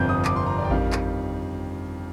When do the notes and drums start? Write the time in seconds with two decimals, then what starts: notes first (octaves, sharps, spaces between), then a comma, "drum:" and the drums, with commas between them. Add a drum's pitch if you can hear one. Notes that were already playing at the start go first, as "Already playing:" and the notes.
Already playing: G1 F2 C3 F3 G6
0.09 D#6
0.25 D6, drum: clap
0.36 C6
0.46 A#5
0.58 D5
0.65 G5
0.69 F2 D#3 G3 F5, drum: kick A1
0.93 drum: clap